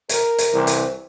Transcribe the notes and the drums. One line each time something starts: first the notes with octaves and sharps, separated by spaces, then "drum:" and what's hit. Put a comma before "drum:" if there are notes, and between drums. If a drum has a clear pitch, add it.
A#4, drum: hi-hat
drum: hi-hat
C2 C3 E3
drum: hi-hat